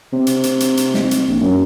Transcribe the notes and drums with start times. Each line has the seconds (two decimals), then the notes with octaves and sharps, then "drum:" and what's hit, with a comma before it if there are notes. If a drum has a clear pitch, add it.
0.13 C3
0.27 drum: hi-hat
0.44 drum: hi-hat
0.60 drum: hi-hat
0.77 drum: hi-hat
0.94 drum: snare
1.11 drum: hi-hat
1.28 A#1
1.41 F#2